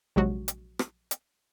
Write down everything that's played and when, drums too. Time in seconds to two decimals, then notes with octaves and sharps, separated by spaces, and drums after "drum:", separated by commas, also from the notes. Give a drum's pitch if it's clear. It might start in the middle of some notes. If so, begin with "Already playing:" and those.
0.16 A#1 C3 F#3 G#3 F#4
0.48 drum: hi-hat
0.79 drum: rim click
1.11 drum: hi-hat